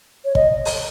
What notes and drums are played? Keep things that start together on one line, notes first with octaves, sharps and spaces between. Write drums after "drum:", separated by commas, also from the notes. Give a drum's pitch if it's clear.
C#5
D#5, drum: kick
drum: open hi-hat